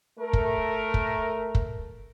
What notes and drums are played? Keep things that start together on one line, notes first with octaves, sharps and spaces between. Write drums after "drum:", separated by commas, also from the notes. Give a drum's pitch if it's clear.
A3 A#4
drum: kick
drum: kick
drum: kick